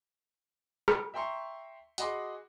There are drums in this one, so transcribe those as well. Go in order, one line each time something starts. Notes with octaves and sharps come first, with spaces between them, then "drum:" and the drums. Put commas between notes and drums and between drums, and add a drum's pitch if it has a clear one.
drum: rim click
E5 G5 A#5 C6 C#6
F#4 G#4 D#5 B5 C6 D6, drum: hi-hat